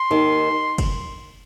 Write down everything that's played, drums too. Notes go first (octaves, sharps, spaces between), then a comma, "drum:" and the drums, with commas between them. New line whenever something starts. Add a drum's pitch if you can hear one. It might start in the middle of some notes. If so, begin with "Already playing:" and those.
Already playing: C6
D#2 D#3
drum: kick, cymbal